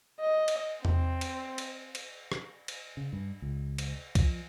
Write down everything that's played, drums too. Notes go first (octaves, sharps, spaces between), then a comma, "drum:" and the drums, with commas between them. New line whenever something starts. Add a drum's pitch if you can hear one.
D#5
drum: cymbal
C4, drum: tom E2
drum: cymbal
drum: cymbal
drum: cymbal
drum: rim click
drum: cymbal
C#3
G2
C#2
drum: cymbal
F3, drum: kick C2, cymbal